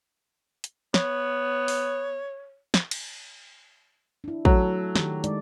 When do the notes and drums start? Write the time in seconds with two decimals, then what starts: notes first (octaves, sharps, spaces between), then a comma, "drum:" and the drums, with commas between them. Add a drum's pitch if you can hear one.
0.64 drum: hi-hat
0.94 B3 C#5, drum: snare
1.68 drum: open hi-hat
2.74 drum: snare
2.91 drum: cymbal
4.24 D4 E4
4.45 F#3 A3 A4, drum: kick
4.95 D#3 G4, drum: snare
5.24 G#3 D#4 D5, drum: hi-hat